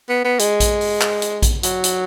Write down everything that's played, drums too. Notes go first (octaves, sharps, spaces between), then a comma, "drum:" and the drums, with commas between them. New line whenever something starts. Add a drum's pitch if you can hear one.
B3
B3
G#3, drum: hi-hat
drum: kick A#1, hi-hat
drum: open hi-hat
drum: clap
drum: hi-hat
drum: kick A#1, hi-hat
F#3, drum: hi-hat
drum: hi-hat